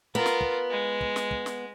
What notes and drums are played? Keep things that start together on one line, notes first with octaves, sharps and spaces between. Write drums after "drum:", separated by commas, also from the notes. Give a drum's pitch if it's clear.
B3 F4 A#4
drum: snare
drum: kick
G#3
drum: kick
drum: snare
drum: kick
drum: snare